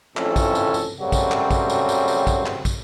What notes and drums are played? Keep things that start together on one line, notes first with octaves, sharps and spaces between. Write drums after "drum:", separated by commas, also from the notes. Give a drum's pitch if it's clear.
G#1 F2 A2 E3 C#4 A4, drum: clap
drum: kick, tambourine
drum: tambourine
drum: tambourine
F#2 C#3 F#3 G3 A3 C4
drum: kick, tambourine
drum: clap
drum: kick, tambourine
drum: tambourine
drum: tambourine
drum: tambourine
drum: kick, tambourine
drum: clap
drum: kick, tambourine